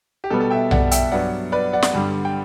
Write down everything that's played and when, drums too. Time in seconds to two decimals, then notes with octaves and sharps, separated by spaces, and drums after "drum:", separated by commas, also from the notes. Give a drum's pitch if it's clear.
0.24 G4
0.30 B2 G3 B3 A4
0.40 A4
0.50 E5 G5
0.71 D5 F#5, drum: tom B1
0.91 E5 G5, drum: hi-hat
1.12 G2 F#3 B3 D5 F#5
1.52 B4 D5
1.73 D5 F#5
1.82 drum: snare
1.93 G2 D3 G3
2.25 G5